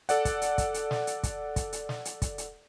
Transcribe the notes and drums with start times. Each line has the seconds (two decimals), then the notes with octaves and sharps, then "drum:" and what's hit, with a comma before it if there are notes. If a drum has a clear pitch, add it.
0.09 A4 D5 F#5, drum: hi-hat
0.25 drum: kick, hi-hat
0.42 drum: hi-hat
0.58 drum: kick, hi-hat
0.74 drum: hi-hat
0.91 drum: snare
1.07 drum: hi-hat
1.23 drum: kick, hi-hat
1.56 drum: kick, hi-hat
1.73 drum: hi-hat
1.89 drum: snare
2.05 drum: hi-hat
2.22 drum: kick, hi-hat
2.38 drum: hi-hat